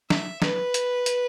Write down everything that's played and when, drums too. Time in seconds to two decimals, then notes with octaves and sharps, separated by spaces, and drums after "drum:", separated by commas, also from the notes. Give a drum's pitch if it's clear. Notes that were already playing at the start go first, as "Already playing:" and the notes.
0.10 E5, drum: snare
0.42 B4, drum: snare
0.74 drum: hi-hat
1.06 drum: hi-hat